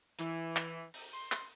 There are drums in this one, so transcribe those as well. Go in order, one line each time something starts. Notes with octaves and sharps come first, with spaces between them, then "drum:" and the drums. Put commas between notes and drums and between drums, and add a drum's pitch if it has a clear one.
E3, drum: hi-hat
drum: clap
drum: open hi-hat
C6
drum: clap